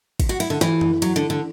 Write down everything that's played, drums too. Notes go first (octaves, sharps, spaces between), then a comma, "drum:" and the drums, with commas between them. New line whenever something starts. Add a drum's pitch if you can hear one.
drum: kick, cymbal
F#4
E4, drum: cymbal
D3
E3, drum: snare
drum: tom F#2
F#3, drum: cymbal
D3
D3